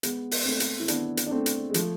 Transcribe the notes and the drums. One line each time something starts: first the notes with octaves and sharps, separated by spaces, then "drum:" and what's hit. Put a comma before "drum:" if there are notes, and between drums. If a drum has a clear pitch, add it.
G#3 B3, drum: hi-hat
drum: open hi-hat
A3 C4
drum: hi-hat
E4
B3 D4, drum: hi-hat
drum: hi-hat
D4
A3 C4
drum: hi-hat
G#3
F3 A3, drum: hi-hat